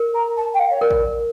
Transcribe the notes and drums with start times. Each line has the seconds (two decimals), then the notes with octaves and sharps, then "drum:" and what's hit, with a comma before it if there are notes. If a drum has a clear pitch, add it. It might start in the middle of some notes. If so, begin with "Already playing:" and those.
Already playing: A#4
0.14 A#5
0.37 A5
0.54 G5
0.59 F5
0.70 C#5
0.81 A#4 D5
0.90 drum: kick A1